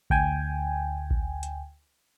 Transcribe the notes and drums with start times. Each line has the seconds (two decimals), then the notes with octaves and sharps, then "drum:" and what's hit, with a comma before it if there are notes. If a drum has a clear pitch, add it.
0.10 D2 G5 G#5, drum: kick A1
1.10 drum: kick A1
1.43 drum: hi-hat